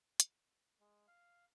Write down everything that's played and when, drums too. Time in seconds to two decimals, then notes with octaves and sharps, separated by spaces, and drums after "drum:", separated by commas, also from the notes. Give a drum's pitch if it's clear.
0.20 drum: hi-hat
0.80 G#3
1.08 F5